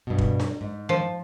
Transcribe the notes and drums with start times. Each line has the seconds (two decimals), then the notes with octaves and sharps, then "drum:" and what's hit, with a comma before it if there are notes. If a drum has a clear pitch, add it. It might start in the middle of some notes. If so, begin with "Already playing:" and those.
0.07 G2 B2
0.18 drum: kick
0.40 drum: snare D4
0.61 G#2
0.89 F3